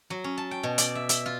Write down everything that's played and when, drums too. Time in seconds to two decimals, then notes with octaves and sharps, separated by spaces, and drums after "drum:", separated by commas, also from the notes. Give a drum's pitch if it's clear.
0.10 F#3
0.24 C#4
0.38 A5
0.51 G5
0.63 B2
0.78 D5, drum: hi-hat
0.95 E5
1.09 E5, drum: hi-hat
1.26 F4